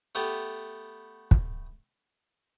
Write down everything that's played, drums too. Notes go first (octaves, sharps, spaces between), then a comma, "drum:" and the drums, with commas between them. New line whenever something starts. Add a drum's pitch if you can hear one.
A3 B3 G4
drum: kick